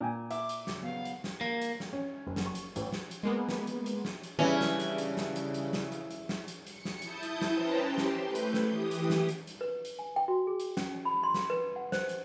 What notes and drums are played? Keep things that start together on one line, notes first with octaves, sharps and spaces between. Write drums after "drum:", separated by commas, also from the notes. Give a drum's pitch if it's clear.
A#2 G5 G#5
E5 D6, drum: hi-hat
drum: hi-hat
C#3 F#3, drum: snare
B3 F5
drum: hi-hat
drum: snare
A#3
drum: hi-hat
drum: snare
C#4
F#1
drum: snare
C#6
drum: hi-hat
A1, drum: hi-hat
drum: snare
drum: hi-hat
G#3 A#3 B3
drum: snare
drum: hi-hat
drum: hi-hat
drum: snare
drum: hi-hat
C#3 E3 G3 C#4 D4 E4
drum: snare
drum: hi-hat
drum: hi-hat
drum: snare
drum: hi-hat
drum: hi-hat
drum: snare
drum: hi-hat
drum: hi-hat
drum: snare
drum: hi-hat
C#7, drum: hi-hat
drum: snare
E4 A5 D#6 G6, drum: hi-hat
drum: hi-hat
drum: snare
C#4 B4 C5 G5 A5 A#5
G4 C6
drum: snare
A3 B4 G6
drum: hi-hat
drum: snare
E3 G4 D#6
drum: hi-hat
drum: snare
drum: hi-hat
drum: hi-hat
B4
drum: hi-hat
G#5
G5
F#4
G#4
drum: hi-hat
C#4, drum: snare
B5
C6
drum: snare
B4
F#5
C5, drum: snare
drum: hi-hat